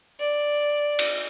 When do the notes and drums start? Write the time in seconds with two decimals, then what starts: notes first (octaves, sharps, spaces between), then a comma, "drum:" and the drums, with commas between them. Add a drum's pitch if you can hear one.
0.20 D5
0.99 drum: cymbal